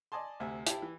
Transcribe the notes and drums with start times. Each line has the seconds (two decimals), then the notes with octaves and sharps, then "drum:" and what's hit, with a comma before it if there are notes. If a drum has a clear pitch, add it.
0.12 D5 D#5 G#5 A5 C6
0.40 D2 C3 E5 G#5
0.67 E4 G4 A5, drum: hi-hat
0.82 E3